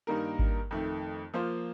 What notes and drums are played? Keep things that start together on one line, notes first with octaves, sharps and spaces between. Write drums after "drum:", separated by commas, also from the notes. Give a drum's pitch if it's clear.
G2 D#3 A#3 D#4 A#4
drum: kick G#1
F2 D#3 A3
F3 A#3 F4 C5